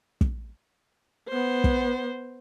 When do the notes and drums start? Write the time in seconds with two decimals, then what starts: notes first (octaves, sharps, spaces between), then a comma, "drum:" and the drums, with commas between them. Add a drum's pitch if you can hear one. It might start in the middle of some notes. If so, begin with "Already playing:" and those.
0.21 drum: kick
1.28 B3 C5
1.64 drum: kick